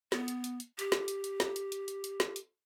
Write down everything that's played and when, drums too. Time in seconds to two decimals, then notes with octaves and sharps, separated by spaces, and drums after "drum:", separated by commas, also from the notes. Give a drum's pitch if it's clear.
0.12 B3, drum: snare
0.28 drum: hi-hat
0.44 drum: hi-hat
0.60 drum: hi-hat
0.79 G4, drum: hi-hat
0.92 drum: snare
1.08 drum: hi-hat
1.24 drum: hi-hat
1.40 drum: snare
1.56 drum: hi-hat
1.72 drum: hi-hat
1.88 drum: hi-hat
2.04 drum: hi-hat
2.20 drum: snare
2.36 drum: hi-hat